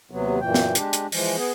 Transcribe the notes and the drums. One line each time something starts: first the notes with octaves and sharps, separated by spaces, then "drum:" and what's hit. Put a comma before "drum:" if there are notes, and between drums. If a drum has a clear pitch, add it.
D#2 C3 F#3 B3
F#2 A#2 E3 G5
drum: snare
G#3 D4 G4, drum: hi-hat
drum: hi-hat
E3 F3 G#3, drum: open hi-hat
B3 G#4